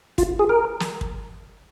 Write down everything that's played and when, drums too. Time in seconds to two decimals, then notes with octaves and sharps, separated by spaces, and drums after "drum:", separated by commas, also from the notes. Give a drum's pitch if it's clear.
0.18 F4, drum: kick, hi-hat
0.39 G#4
0.49 A#4
0.80 drum: snare
1.01 drum: kick